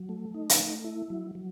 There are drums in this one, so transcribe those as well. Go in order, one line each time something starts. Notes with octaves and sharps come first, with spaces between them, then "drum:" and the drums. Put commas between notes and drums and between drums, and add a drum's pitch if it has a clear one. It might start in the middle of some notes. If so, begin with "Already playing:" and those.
Already playing: F#3
A3
D#4
drum: hi-hat
A3
E4
F#3
F#3